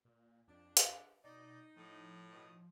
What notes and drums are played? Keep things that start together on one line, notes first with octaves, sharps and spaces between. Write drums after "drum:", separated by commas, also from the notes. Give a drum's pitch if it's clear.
A#2
F2 D4
drum: hi-hat
B2 D#4 D5 D#5
A2 F3 D#6
B2 D#3 D#6